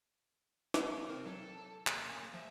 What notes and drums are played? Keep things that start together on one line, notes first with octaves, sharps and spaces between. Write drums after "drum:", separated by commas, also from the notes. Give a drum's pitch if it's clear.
drum: snare
C3 C4 A#4
F#3 A4
A#3 G#4, drum: clap
F3 E5